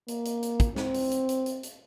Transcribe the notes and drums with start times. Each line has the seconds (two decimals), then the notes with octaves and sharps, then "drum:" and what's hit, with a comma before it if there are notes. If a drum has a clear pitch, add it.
0.08 A#3, drum: hi-hat
0.25 drum: hi-hat
0.43 drum: hi-hat
0.60 drum: kick, hi-hat
0.76 C4, drum: snare
0.94 drum: open hi-hat
1.11 drum: hi-hat
1.29 drum: hi-hat
1.46 drum: hi-hat
1.63 drum: hi-hat